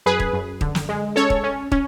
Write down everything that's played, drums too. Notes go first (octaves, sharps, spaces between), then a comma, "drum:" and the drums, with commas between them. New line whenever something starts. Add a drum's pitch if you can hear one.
F#2 G#4 B4
drum: kick
F#2
D3, drum: kick
drum: snare
G#3
C#4 A4 C#5
drum: kick
C#4
C#4, drum: kick